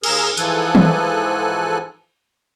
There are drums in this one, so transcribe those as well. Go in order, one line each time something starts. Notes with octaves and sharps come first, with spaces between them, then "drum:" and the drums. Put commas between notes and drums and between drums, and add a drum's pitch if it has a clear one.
D#2 G#4 A#4 E6 F6, drum: cymbal
G#2 E3 F3 A4 G#5 F#6, drum: hi-hat
drum: tom